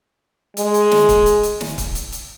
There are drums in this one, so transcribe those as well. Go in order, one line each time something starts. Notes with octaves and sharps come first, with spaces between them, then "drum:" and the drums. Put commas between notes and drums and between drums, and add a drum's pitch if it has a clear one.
G#3, drum: hi-hat
drum: hi-hat
drum: snare
drum: kick, hi-hat
drum: hi-hat
drum: hi-hat
drum: snare
drum: kick, hi-hat
drum: hi-hat
drum: hi-hat